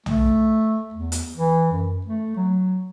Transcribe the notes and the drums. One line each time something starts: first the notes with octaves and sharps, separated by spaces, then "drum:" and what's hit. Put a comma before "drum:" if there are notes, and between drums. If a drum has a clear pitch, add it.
A3, drum: tom B1
E2
drum: hi-hat
E3
F#2
A3
F#3